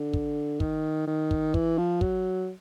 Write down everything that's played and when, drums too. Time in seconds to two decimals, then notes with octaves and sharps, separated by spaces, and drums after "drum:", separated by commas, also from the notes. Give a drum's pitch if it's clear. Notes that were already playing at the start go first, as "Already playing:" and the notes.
Already playing: D3
0.13 drum: kick
0.60 D#3, drum: kick
1.07 D#3
1.31 drum: kick
1.54 E3, drum: kick
1.78 F3
2.01 F#3, drum: kick